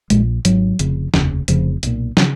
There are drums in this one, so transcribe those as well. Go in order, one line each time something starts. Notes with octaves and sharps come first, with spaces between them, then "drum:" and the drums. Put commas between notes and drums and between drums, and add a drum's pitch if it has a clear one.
A#1 A#2 G#3, drum: hi-hat
G#1 G#2 F#3, drum: hi-hat
F1 F2 C#3, drum: hi-hat
F1 D#2 C#3, drum: snare
F1 F2 C#3 F3, drum: hi-hat
B1 A#2, drum: hi-hat
C#3 F#3, drum: snare